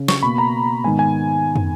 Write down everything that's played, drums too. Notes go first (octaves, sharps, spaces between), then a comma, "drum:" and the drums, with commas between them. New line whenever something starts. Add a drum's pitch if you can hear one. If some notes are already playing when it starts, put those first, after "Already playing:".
Already playing: C#3
C#6, drum: snare
B2 A#3 B5
A#5
G#2 D#3 G#3 B3 G#5
G#5
drum: tom